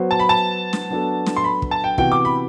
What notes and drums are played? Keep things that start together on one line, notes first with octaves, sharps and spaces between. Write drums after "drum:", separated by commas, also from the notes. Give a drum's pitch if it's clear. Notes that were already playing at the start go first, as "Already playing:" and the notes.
Already playing: F#3 B3 F#4 C5
A5
B5
A5
drum: snare
F#3 B3 D4 F#4 A4
drum: snare
C6
B5
drum: kick
A5
G5
C3 E3 B3 F#4 G5, drum: kick
D6
B5